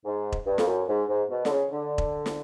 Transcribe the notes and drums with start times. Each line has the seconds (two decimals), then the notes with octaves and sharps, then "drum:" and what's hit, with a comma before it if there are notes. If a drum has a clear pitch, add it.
0.05 G#2
0.32 drum: kick E1
0.46 G2
0.58 F2, drum: snare
0.67 F#2
0.88 G#2
1.08 G#2
1.30 B2
1.45 D3, drum: snare
1.50 C#3
1.71 D3
1.98 drum: kick E1
2.26 drum: snare